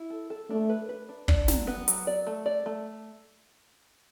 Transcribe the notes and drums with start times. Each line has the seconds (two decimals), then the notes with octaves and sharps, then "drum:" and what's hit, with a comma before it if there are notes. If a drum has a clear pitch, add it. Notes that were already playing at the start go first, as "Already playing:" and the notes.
Already playing: E4
0.10 A4
0.30 A4
0.50 A3 D4
0.69 B4
0.89 B4
1.09 D4
1.28 D4, drum: kick
1.48 F#3, drum: snare
1.67 B3
1.88 F#3, drum: hi-hat
2.07 D5
2.27 A3
2.46 D5
2.66 A3